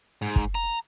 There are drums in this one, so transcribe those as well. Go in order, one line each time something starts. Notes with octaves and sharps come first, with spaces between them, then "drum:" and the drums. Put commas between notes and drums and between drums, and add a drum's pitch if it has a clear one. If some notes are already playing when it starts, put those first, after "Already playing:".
G#2
drum: kick
A#5